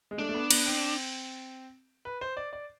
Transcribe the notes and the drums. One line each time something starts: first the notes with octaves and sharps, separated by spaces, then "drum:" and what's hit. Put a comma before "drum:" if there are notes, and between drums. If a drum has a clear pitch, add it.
G#3
A3 D4
A3
B3
B3, drum: cymbal
C4
B4
C5
D5
D5